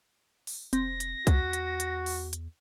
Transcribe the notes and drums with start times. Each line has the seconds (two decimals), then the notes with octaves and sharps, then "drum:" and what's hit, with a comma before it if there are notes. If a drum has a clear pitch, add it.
0.47 drum: open hi-hat
0.73 F1 C4 A#6, drum: hi-hat
1.00 drum: hi-hat
1.27 E2 F#4, drum: kick C2, hi-hat
1.53 drum: hi-hat
1.80 drum: hi-hat
2.06 drum: open hi-hat
2.33 drum: hi-hat